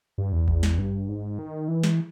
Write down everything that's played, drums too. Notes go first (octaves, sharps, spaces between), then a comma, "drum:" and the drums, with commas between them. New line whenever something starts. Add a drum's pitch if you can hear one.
G2
E2
drum: kick A1
drum: snare
G2
G#2
D#3
E3
drum: snare